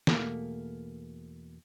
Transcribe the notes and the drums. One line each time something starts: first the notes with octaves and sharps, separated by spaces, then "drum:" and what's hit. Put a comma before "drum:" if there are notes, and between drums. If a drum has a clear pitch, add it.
E2 B2 A3 A#3, drum: snare